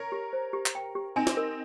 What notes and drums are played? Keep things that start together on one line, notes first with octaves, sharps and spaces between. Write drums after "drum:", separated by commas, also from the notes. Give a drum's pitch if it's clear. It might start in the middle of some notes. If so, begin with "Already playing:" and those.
Already playing: A#4 C#5
G4
C5
G4
drum: clap
G5
G4
C4 D#4 G#5
drum: snare
A#4